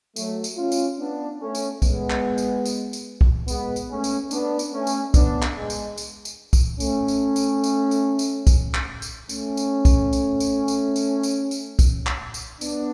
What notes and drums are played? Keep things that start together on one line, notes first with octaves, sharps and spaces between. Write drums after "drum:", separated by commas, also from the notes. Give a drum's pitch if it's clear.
F#3 A3, drum: tambourine
drum: tambourine
C#4 F4
drum: tambourine
B3 D4
A3 C#4
drum: tambourine
G#3 B3, drum: kick, tambourine
drum: clap
drum: tambourine
drum: tambourine
drum: tambourine
drum: kick
G#3 B3, drum: tambourine
drum: tambourine
A3 C#4
drum: tambourine
B3 D4, drum: tambourine
drum: tambourine
A3 C#4
drum: tambourine
B3 D4, drum: kick, tambourine
drum: clap
G#3
drum: tambourine
drum: tambourine
drum: tambourine
drum: kick, tambourine
A3 C#4, drum: tambourine
drum: tambourine
drum: tambourine
drum: tambourine
drum: tambourine
drum: tambourine
drum: kick, tambourine
drum: clap
drum: tambourine
A3 C#4, drum: tambourine
drum: tambourine
drum: kick, tambourine
drum: tambourine
drum: tambourine
drum: tambourine
drum: tambourine
drum: tambourine
drum: tambourine
drum: kick, tambourine
drum: clap
drum: tambourine
B3 D4, drum: tambourine